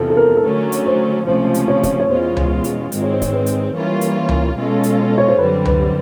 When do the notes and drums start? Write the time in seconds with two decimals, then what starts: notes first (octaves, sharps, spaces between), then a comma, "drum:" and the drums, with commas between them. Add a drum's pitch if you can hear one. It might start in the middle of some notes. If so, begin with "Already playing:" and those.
Already playing: E2 C3 F3 A4
0.10 A4
0.17 A#4
0.37 A4
0.44 D3 F#3 A3 C#4 A#4
0.72 drum: hi-hat
0.86 C5
1.26 C#2 C3 F3 A3 C#4 C5
1.54 drum: hi-hat
1.68 C#5
1.83 C#5, drum: kick, hi-hat
2.00 C#5
2.09 E2 B2 G#3 C#4 F4 C5
2.37 drum: tom C#2
2.64 drum: hi-hat
2.92 G#2 D#3 G#3 C4, drum: hi-hat
3.02 C#5
3.12 C5
3.22 C#5, drum: kick, hi-hat
3.32 B4
3.46 drum: hi-hat
3.74 E3 G3 A#3 C#4 F4
4.01 drum: hi-hat
4.29 drum: tom C#2
4.56 B2 G#3 C#4 F4 A4
4.83 drum: hi-hat
5.18 C#5
5.28 C5
5.39 F#2 D3 G3 C4 B4
5.65 B4, drum: tom C#2